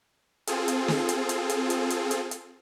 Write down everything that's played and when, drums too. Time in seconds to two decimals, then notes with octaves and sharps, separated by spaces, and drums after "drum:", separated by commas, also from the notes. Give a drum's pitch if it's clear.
0.47 C4 F4 G#4 A4, drum: hi-hat
0.68 drum: hi-hat
0.88 drum: snare
1.09 drum: hi-hat
1.29 drum: hi-hat
1.50 drum: hi-hat
1.70 drum: hi-hat
1.90 drum: hi-hat
2.11 drum: hi-hat
2.31 drum: hi-hat